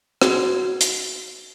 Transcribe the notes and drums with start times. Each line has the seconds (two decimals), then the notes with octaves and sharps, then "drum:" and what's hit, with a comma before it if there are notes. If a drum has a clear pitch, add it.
0.22 F#4, drum: rim click
0.81 drum: hi-hat